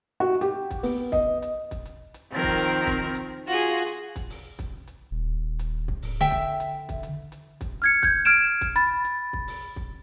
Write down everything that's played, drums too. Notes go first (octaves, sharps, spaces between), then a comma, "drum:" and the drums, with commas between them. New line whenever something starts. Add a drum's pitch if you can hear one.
F#4
G4, drum: hi-hat
drum: kick, hi-hat
B3, drum: open hi-hat
D#5, drum: kick, hi-hat
drum: hi-hat
drum: kick, hi-hat
drum: hi-hat
drum: hi-hat
D#3 F3 C4 A#4
drum: kick, hi-hat
drum: open hi-hat
drum: kick, hi-hat
drum: hi-hat
F4 F#4 G#4
drum: hi-hat
drum: hi-hat
drum: kick, hi-hat
drum: open hi-hat
drum: kick, hi-hat
drum: hi-hat
D#1
drum: hi-hat
drum: kick
D1, drum: open hi-hat
D3 E5 G5
drum: kick, hi-hat
drum: hi-hat
drum: kick, hi-hat
drum: hi-hat
drum: hi-hat
drum: kick, hi-hat
F6 G#6 C#7
G6 G#6, drum: kick, hi-hat
F6 G#6 D7 E7
drum: kick, hi-hat
B5 A6, drum: hi-hat
drum: hi-hat
drum: kick
drum: open hi-hat
drum: kick